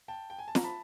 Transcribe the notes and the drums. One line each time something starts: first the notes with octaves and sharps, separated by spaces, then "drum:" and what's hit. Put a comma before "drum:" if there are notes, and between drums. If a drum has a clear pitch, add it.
G5 A5
G5
G#5
A5
A#5, drum: snare
A5 B5